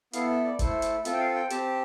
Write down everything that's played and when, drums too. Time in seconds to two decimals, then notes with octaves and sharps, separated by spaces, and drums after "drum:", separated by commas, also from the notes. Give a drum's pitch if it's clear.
0.13 B3 E4 A4 F5, drum: hi-hat
0.29 E5
0.44 D5
0.59 A3 E4 A4 C5, drum: kick G1, hi-hat
0.82 drum: hi-hat
1.05 C4 F4 A4 E5, drum: hi-hat
1.14 G5
1.19 F5
1.35 G5
1.50 C4 G4 A5, drum: hi-hat